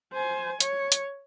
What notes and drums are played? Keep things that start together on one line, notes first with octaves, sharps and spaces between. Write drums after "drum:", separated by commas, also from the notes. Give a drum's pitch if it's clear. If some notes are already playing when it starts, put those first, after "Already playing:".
C5 G#5
C#5, drum: hi-hat
drum: hi-hat